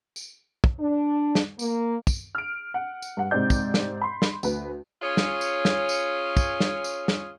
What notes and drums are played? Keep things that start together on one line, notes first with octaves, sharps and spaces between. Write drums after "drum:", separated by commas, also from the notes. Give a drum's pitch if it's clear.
drum: tambourine
drum: kick
D4
drum: snare
A#3, drum: tambourine
drum: kick, tambourine
F6 D7
F#5
drum: tambourine
G2 F#5
G#2 C3 C4 D#4 D5 G6
drum: kick, tambourine
drum: snare
B5 C6
drum: snare
D2 B4, drum: tambourine
C#4 F4 G#4 C#5
drum: snare
drum: tambourine
drum: snare
drum: tambourine
drum: kick, tambourine
drum: snare
drum: tambourine
drum: snare